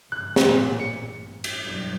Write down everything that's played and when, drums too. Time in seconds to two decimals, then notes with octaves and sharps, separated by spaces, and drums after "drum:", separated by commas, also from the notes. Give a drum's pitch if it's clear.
0.12 G2 C#3 F#6
0.36 drum: snare
0.49 A1 G2 A#2
0.79 C#7
1.44 drum: cymbal
1.62 G2 B2 F#3